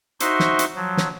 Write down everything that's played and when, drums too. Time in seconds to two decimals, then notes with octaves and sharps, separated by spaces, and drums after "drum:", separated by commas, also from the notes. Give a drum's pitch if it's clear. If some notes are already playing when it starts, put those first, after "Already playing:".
0.20 D#4 F#4 C5 E5 C6 C#6, drum: hi-hat
0.40 drum: snare
0.59 drum: hi-hat
0.75 F3 F#3
0.97 drum: snare